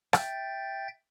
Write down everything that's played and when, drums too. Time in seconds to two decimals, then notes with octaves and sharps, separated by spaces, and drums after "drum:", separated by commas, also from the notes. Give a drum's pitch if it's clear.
0.13 E5 G5 G6 A6, drum: rim click